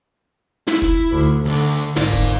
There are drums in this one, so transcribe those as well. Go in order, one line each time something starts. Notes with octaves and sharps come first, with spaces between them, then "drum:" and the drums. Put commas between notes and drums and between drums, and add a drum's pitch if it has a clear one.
E4, drum: snare
drum: kick
D2
D2 D3
G#1 A#4 D5, drum: snare
drum: kick